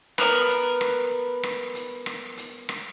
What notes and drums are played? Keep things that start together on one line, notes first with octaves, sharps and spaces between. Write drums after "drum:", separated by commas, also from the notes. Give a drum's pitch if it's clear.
B3 D#4 A#4 B4, drum: rim click
drum: hi-hat
drum: rim click
drum: rim click
drum: hi-hat
drum: rim click
drum: hi-hat
drum: rim click